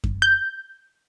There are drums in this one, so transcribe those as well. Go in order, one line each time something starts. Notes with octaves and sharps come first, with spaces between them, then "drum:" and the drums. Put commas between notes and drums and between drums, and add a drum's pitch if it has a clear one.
drum: kick F#2
G6